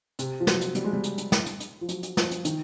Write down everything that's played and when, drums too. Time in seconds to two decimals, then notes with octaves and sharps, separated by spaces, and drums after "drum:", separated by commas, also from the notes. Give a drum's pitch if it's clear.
0.19 C3, drum: hi-hat
0.40 F3
0.47 F#3, drum: snare
0.61 drum: hi-hat
0.75 G3, drum: hi-hat
0.84 G#3
0.93 G3
1.04 drum: hi-hat
1.18 drum: hi-hat
1.32 drum: snare
1.46 drum: hi-hat
1.60 drum: hi-hat
1.81 F3
1.89 F#3, drum: hi-hat
2.03 drum: hi-hat
2.17 F3, drum: snare
2.31 drum: hi-hat
2.45 D#3, drum: hi-hat